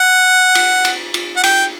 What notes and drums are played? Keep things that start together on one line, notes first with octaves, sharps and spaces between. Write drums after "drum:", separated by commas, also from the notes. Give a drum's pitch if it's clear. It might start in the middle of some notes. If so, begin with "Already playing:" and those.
Already playing: F#5
drum: cymbal
drum: cymbal
drum: cymbal
F#5
G5, drum: cymbal